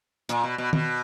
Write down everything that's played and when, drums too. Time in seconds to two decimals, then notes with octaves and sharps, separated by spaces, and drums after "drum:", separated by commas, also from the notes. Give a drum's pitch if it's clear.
0.29 A#2, drum: hi-hat
0.43 B2
0.58 B2
0.73 B2, drum: tom D#3